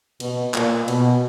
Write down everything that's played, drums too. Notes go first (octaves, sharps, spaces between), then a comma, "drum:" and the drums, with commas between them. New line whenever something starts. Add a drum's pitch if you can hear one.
B2, drum: cymbal
A#2, drum: clap
B2, drum: cymbal